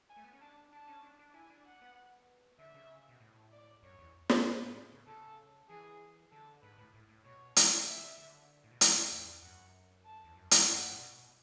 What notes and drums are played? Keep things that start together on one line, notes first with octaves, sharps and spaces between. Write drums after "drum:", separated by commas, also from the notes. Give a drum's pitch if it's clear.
G#5
A3
B3
C#4
D4 A5
D4 A5
C#4
D4
D4
E4 G#5
D4
F#5
B3
D3 E5
C#3
B2
A2
D5
F#2 C#5
E2
C#3, drum: snare
B2 B4
G#2
A2
C#3
C#3 A4
E3 G#4
D3 A4
G#2 B4
A2
A2
A2
B2 C#5
C#3, drum: hi-hat
E5
D3
A2
B2
C#3 E5, drum: hi-hat
A2
E2
F#2 F#5
A5
E2
F#2
G#2, drum: hi-hat
F#2 F#5
A2
B2